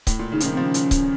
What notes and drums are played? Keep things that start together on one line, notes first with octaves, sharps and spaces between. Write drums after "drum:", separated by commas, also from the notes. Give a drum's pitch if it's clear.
A2, drum: kick C#1, hi-hat
A#2
C#3 D#4
D#3 F3 C#4, drum: hi-hat
F3 C4
C#4
drum: hi-hat
drum: kick C#1, hi-hat